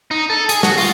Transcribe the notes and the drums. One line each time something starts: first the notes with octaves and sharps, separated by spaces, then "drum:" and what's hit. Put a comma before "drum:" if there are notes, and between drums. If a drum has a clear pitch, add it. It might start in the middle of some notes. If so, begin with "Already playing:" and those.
D#4
A4
G#4, drum: hi-hat
F#4, drum: snare
F4, drum: open hi-hat